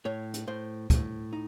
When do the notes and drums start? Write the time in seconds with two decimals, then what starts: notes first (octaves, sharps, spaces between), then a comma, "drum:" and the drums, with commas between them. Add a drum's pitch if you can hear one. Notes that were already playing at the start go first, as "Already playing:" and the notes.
0.05 A2 C#5
0.34 drum: hi-hat
0.47 A2 C5
0.90 A2, drum: kick, hi-hat
1.33 D#4